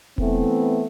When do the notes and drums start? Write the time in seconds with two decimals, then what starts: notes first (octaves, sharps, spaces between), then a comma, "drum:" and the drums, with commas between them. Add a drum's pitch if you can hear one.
0.18 E3 A3 B3 C4, drum: kick E1